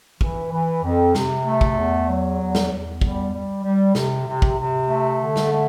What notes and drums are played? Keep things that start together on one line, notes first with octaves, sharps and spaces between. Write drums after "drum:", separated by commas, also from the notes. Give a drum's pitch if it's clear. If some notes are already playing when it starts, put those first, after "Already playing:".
E3, drum: kick
E3
F2
C3, drum: snare
A3
drum: kick
E2
F#3
E2
drum: snare
E2
G3, drum: kick
G3
G3
C3, drum: snare
C3
drum: kick
C3
A3
D3
drum: snare
A3